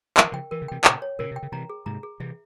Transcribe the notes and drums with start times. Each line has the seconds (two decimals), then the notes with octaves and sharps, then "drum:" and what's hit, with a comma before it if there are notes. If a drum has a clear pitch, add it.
0.17 F3 A#4, drum: clap
0.24 E3
0.32 C#3 F3 G5
0.51 E3 A#4
0.62 C#3
0.68 C3 E3 G5
0.84 A#2 C#3 G5, drum: clap
1.02 C#5
1.19 A#2 C#3 A#4
1.31 C3 G5
1.43 C#3
1.52 C3 E3 A#5
1.69 G#4
1.86 G#2 C3 A#5
2.03 G#4
2.20 C3 E3 E5